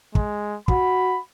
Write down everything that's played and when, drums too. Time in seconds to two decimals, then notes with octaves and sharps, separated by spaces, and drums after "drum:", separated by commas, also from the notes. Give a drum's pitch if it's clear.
0.15 G#3, drum: kick
0.68 F#4 B5, drum: kick